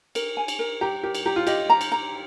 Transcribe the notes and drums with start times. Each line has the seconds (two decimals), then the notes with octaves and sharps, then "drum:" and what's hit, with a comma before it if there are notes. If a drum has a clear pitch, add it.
0.15 A#4, drum: cymbal
0.37 G#5
0.48 drum: cymbal
0.59 A#4
0.81 G4 A#5
1.03 G4 A#4
1.15 drum: cymbal
1.26 G4 A#5
1.36 F4
1.47 G4 D#5, drum: cymbal
1.70 A#5
1.81 drum: cymbal
1.92 A#5